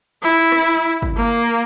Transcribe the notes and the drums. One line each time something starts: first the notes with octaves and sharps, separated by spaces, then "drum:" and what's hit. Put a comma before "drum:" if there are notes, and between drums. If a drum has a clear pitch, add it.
E4
drum: rim click
drum: kick
A#3